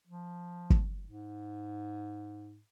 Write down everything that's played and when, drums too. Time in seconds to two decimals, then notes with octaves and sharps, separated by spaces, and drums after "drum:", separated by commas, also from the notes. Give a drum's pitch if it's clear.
0.07 F3
0.70 drum: kick
1.04 G#2